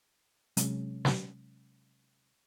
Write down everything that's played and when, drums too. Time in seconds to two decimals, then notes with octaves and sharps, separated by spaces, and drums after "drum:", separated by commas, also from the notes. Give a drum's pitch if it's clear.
0.57 C3 F#3 G#3 C#4, drum: hi-hat
1.05 drum: snare